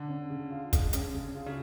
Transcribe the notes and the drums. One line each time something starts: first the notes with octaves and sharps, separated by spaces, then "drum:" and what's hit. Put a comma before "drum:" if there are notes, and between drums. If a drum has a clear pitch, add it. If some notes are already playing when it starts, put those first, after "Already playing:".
Already playing: D3
C#4
C#3
F4
G#3, drum: kick, hi-hat
C#4, drum: hi-hat
C#3
F4
C#3